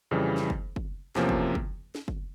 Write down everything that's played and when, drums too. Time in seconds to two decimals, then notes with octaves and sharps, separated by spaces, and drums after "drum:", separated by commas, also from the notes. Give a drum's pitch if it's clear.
0.11 F2 C#3 E3 G3
0.37 drum: snare
0.50 drum: kick
0.76 drum: kick
1.15 E2 C3 F3 A#3 C#4, drum: snare
1.29 drum: kick
1.55 drum: kick
1.95 drum: snare
2.08 drum: kick